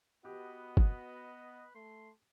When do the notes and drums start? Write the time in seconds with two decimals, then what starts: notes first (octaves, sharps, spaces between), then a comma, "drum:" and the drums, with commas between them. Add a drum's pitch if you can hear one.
0.25 B3 F#4 G4 B4 D#5
0.77 drum: kick
1.75 A3 C6